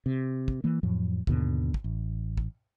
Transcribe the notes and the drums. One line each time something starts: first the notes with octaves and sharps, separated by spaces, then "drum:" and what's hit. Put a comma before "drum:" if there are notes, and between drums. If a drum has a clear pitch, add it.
C3
drum: kick
E3 A#3
F2 A2 F3 F#3
D#2 G#2 B2 D3, drum: kick
drum: kick
A1
drum: kick